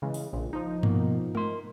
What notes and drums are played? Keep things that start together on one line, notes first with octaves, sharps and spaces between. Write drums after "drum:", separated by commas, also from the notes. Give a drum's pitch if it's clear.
C#3 E3 G#3
drum: open hi-hat
A#1 A#2
F3 D#4
B2 A#3, drum: tom G2
A#4 C6, drum: tom G#3